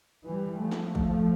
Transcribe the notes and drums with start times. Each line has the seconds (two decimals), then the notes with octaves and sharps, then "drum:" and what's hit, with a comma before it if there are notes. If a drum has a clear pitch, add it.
0.26 E3 G3
0.61 F3 A3
0.71 drum: snare
0.95 drum: kick